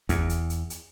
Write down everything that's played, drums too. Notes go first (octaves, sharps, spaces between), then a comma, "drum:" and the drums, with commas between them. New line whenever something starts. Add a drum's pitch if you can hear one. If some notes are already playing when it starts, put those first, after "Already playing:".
E2, drum: kick, hi-hat
drum: hi-hat
drum: hi-hat
drum: hi-hat